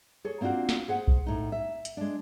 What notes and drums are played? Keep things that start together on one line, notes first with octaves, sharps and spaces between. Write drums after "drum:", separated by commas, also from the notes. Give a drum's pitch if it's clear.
G#4 A4 C#5
A#3 C4 D4 F4 F#4
drum: snare
G#4 C5 F#5
drum: kick B1
A2 D#4
E5
drum: hi-hat
G#3 D4